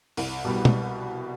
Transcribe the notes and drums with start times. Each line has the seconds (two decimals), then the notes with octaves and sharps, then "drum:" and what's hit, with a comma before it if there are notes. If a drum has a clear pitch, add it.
0.17 C2, drum: open hi-hat
0.45 B2 G3 B3
0.65 drum: tom